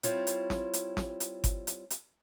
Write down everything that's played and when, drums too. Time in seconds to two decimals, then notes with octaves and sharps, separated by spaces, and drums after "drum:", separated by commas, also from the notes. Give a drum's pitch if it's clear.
0.03 G3 C4 E4 F4 C#5, drum: hi-hat
0.27 drum: hi-hat
0.50 drum: snare
0.73 drum: hi-hat
0.97 drum: snare
1.20 drum: hi-hat
1.44 drum: kick G1, hi-hat
1.67 drum: hi-hat
1.90 drum: hi-hat